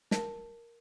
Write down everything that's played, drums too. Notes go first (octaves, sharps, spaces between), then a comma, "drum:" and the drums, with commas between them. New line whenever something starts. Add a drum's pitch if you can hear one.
A#4 A5, drum: snare